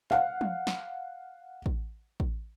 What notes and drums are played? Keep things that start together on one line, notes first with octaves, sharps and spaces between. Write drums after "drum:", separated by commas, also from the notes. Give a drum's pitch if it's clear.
F5 F#5, drum: clap
drum: tom
drum: snare
drum: kick A1
drum: kick A1